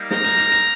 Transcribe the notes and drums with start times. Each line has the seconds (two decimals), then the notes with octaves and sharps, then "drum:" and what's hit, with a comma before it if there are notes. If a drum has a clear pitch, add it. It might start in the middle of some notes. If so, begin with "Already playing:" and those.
Already playing: G3 A#3 D#4
0.11 A#5, drum: snare
0.24 drum: hi-hat
0.38 drum: hi-hat
0.52 drum: hi-hat